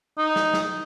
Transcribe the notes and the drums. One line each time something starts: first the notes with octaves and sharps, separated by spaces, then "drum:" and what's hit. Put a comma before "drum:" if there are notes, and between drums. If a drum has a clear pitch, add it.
D#4
drum: snare
drum: snare